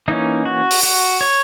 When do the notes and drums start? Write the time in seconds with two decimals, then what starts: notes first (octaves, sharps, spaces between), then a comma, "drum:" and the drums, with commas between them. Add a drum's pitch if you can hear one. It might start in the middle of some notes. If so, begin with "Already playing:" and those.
0.08 E3 A#3 C#4 D#4
0.45 F#4
0.71 drum: open hi-hat
0.83 F#4
1.21 C#5